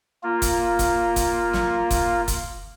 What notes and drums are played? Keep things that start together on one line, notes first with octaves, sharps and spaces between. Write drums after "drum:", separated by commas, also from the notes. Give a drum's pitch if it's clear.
A#3 F4
drum: kick, hi-hat
drum: kick, hi-hat
drum: kick, hi-hat
drum: snare
drum: kick, hi-hat
drum: kick, hi-hat